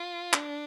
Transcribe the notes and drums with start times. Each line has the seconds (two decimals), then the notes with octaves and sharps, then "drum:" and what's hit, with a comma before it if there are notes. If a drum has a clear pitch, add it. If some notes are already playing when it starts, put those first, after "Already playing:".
Already playing: F4
0.33 D4, drum: clap